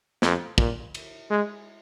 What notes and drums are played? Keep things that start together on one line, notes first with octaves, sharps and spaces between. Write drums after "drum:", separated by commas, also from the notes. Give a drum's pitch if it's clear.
F2, drum: snare
A#2, drum: kick
drum: cymbal
G#3